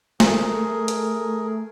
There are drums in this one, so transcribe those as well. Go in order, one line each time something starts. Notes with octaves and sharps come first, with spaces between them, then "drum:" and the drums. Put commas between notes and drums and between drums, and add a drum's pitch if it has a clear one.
A3 G#4 A#4, drum: snare
drum: hi-hat